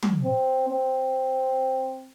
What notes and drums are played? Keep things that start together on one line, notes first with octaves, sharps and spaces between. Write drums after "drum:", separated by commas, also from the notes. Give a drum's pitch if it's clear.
drum: tom
C4
C4